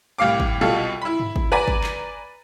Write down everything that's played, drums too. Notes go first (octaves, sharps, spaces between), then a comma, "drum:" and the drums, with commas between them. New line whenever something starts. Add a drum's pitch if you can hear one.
C2 A2 F5 D6
drum: kick
C2 B2 F4 A4
E4 B5
drum: tom G2
drum: kick
B4 D5 G#5 A#5 B5
drum: kick
drum: clap